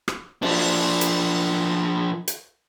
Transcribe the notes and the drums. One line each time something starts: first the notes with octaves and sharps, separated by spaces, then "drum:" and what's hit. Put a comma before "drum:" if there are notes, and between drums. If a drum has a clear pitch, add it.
drum: rim click
F3 D4, drum: cymbal
drum: hi-hat
drum: hi-hat